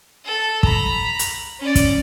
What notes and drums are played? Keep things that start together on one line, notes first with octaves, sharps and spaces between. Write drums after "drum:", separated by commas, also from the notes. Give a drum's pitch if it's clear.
A4
A#5 B5, drum: kick
drum: hi-hat
C#4 D5
drum: kick, hi-hat